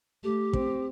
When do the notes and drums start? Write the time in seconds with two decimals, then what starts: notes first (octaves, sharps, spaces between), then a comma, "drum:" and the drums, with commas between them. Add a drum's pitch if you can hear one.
0.24 A3 G4
0.53 C4, drum: kick